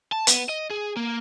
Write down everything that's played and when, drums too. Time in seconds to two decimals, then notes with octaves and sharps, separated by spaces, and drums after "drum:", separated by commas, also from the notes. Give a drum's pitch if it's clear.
0.12 A5
0.27 B3, drum: hi-hat
0.49 D#5
0.70 G#4
0.97 A#3